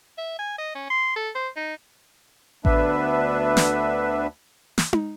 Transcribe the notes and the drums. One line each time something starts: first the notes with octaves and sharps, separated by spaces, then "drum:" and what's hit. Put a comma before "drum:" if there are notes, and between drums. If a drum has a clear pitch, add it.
E5
G#5
D#5
C#4
C6
A4
C5
D#4
D2 B3 D4 B4 E5, drum: kick A1
drum: snare
drum: snare
drum: tom D#4